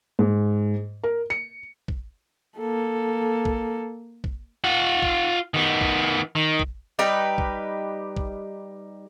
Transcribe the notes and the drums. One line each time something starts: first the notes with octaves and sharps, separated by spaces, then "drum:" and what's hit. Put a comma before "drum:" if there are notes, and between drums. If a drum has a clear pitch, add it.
G#2
A#4
C#7
drum: kick
A#3 A4
drum: kick
drum: kick
F4 F#5
drum: kick
D#3 B3
drum: kick
D#3
drum: kick
G3 D#4 G4 B4
drum: kick
drum: kick